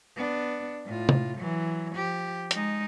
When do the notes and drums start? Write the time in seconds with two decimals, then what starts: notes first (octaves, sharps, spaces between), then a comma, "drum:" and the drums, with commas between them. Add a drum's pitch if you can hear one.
0.16 B3 D4
0.85 A2 F4
1.09 drum: tom C3
1.37 E3 F#3
1.95 F3 G4
2.51 G#3 D#4, drum: hi-hat